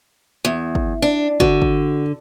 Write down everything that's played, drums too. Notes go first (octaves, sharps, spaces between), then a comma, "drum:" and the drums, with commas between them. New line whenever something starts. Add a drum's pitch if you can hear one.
E2
drum: kick
D4
D3 F#4, drum: kick
drum: kick